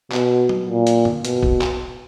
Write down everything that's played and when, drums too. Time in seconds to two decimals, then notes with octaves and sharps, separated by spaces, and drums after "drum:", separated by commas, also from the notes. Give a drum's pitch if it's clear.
0.12 B2, drum: clap
0.49 drum: tom F#3
0.68 A#2
0.87 drum: hi-hat
1.05 drum: tom
1.25 B2, drum: hi-hat
1.43 drum: kick
1.61 drum: clap